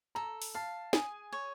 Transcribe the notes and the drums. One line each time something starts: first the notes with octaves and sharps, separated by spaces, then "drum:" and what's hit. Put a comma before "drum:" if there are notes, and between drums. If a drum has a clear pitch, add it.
A4 A#5
drum: open hi-hat
F5 A5
G#4 G#5, drum: snare
C#5